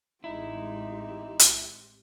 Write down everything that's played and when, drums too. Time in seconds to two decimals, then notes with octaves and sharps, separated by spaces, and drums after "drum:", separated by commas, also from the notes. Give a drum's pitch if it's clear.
0.24 A1 G#3 C4 D#4 E4 G4
1.39 drum: hi-hat